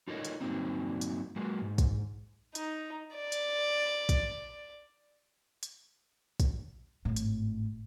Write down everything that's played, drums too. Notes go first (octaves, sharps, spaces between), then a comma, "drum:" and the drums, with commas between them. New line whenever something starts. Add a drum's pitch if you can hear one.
D#4 F4 A4 A#4 C#5 D#5
drum: hi-hat
G2 F3 F#3 A#3 C4 D#4
drum: hi-hat
F#3 G#3 A#3
G#2
drum: kick, hi-hat
D#4, drum: hi-hat
D5
drum: hi-hat
drum: kick, hi-hat
drum: hi-hat
drum: kick, hi-hat
G#1 A2
drum: hi-hat